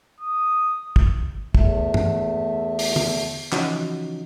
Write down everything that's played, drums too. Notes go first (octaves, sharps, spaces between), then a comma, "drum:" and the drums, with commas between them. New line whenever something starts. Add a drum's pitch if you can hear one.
D#6
drum: kick
E2 A3, drum: kick
drum: tom
drum: open hi-hat
drum: tom
C#3 E3 F3 C#4 D#4 F#4, drum: clap